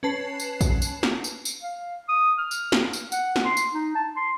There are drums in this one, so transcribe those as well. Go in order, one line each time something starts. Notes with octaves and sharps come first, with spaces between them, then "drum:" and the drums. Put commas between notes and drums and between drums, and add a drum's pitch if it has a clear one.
C#4 B4 A5 C7
drum: tambourine
drum: kick A#1, tambourine
drum: tambourine
drum: snare
drum: tambourine
drum: tambourine
F5
D#6
F6
drum: tambourine
drum: snare
drum: tambourine
F#5, drum: tambourine
drum: snare
C6
drum: tambourine
D#4
A5
C6